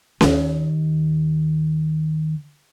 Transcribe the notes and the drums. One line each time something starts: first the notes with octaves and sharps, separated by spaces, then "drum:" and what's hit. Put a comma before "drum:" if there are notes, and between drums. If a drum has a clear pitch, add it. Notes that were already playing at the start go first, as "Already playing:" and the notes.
D#2 D#3, drum: snare C#4